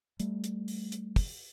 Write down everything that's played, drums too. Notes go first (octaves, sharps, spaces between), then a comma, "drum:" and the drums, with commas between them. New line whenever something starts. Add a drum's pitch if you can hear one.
G3 A3, drum: hi-hat
drum: hi-hat
drum: open hi-hat
drum: hi-hat
drum: kick, open hi-hat